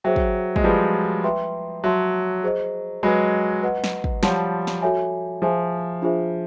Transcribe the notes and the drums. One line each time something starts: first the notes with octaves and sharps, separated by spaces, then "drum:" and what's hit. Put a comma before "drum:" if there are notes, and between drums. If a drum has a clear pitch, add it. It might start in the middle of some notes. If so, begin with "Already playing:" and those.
F#3 G#4 C5 E5 G5
drum: kick
G#3, drum: kick
F3 G3 F4 G#4 B4 D5
B4 E5 G5 C6
F#3 C#5 E5 A5 C6
G#4 C5 D#5
F#3 G#3 B4 D#5 G#5 B5
B4 D#5 F#5
drum: snare
drum: kick
F3 G3 C#5 F#5 A5 C6, drum: snare
drum: snare
F#4 A4 C#5 E5 G#5
F3 G#4 C5 E5 G#5
D4 F4 G#4 C5 E5